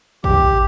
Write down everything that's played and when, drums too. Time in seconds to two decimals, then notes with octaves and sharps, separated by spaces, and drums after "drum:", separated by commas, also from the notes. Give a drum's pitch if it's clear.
0.24 G4, drum: kick A1